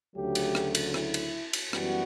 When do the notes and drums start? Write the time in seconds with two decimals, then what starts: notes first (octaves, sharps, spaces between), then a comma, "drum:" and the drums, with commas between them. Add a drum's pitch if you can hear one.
0.15 D2 C#3 F#3 A3 G4
0.35 drum: cymbal
0.55 drum: rim click
0.75 drum: cymbal
0.94 E4, drum: rim click
1.14 drum: cymbal
1.53 drum: cymbal
1.73 F#2 E3 G3 B3 F#4, drum: rim click